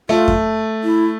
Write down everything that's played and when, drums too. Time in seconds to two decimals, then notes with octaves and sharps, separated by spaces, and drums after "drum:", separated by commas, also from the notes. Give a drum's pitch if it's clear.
0.09 A3 F4
0.28 drum: kick F2
0.84 E4